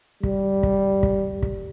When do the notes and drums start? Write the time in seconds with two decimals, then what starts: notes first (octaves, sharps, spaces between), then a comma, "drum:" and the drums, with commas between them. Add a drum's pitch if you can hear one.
0.23 G3, drum: kick
0.63 drum: kick
1.03 drum: kick
1.43 drum: kick